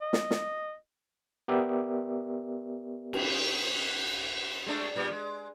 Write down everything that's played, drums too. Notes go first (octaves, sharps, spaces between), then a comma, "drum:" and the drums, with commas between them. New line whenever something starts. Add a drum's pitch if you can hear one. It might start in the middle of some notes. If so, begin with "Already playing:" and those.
D#5
drum: snare
drum: snare
B3 G4 A#4 D5 E5
drum: cymbal
G#3 A3 D4
A#2 G3 B3
G#3